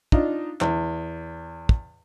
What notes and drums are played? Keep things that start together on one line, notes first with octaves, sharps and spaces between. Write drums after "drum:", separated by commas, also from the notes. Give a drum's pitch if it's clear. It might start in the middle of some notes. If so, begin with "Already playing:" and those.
D4 D#4 F4, drum: kick
E2, drum: clap
drum: kick